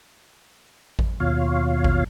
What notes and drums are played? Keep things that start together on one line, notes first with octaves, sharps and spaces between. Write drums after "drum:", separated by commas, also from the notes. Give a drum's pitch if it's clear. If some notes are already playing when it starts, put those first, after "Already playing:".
drum: kick G#1
D#2 B2 F4 C#5 F5
drum: kick G#1